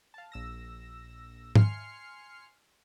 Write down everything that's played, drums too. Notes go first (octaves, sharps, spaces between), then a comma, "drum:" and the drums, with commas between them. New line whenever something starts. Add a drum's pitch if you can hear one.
F5 A5
A#1 E6 A#6
G#5 C6 F6 C7 C#7, drum: tom G#2